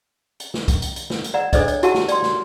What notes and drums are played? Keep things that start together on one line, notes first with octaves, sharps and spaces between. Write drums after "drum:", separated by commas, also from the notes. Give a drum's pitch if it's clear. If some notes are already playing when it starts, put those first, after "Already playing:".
drum: hi-hat
drum: snare
drum: kick B1, hi-hat
drum: hi-hat
drum: hi-hat
drum: snare
drum: hi-hat
D5 F#5 A#5
D4 A4 C5 D5 D#5, drum: kick B1, hi-hat
C#5, drum: hi-hat
E4 F#4 G4 F#5 G#5 A5, drum: hi-hat
drum: snare
D5 G5 C6, drum: hi-hat
drum: snare